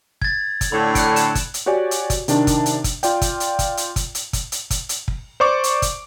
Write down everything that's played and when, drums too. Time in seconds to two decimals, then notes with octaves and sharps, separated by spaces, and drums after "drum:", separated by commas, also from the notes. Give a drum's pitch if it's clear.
0.22 G#6 A6, drum: kick
0.61 drum: kick, hi-hat
0.72 A2 D3 B5
0.95 F#6 C#7 D7, drum: kick, hi-hat
1.16 E7, drum: hi-hat
1.35 drum: kick, hi-hat
1.54 drum: hi-hat
1.66 F#4 G4 C#5 D5 G#5
1.91 drum: hi-hat
2.10 drum: kick, hi-hat
2.28 C3 D#3 D4, drum: hi-hat
2.47 drum: kick, hi-hat
2.66 drum: hi-hat
2.84 drum: kick, hi-hat
3.03 F4 D5 G5, drum: hi-hat
3.22 drum: kick, hi-hat
3.40 drum: hi-hat
3.59 drum: kick, hi-hat
3.77 drum: hi-hat
3.96 drum: kick, hi-hat
4.15 drum: hi-hat
4.33 drum: kick, hi-hat
4.52 drum: hi-hat
4.71 drum: kick, hi-hat
4.89 drum: hi-hat
5.08 drum: kick
5.40 C5 D5 C#6 D6
5.64 drum: hi-hat
5.82 drum: kick, hi-hat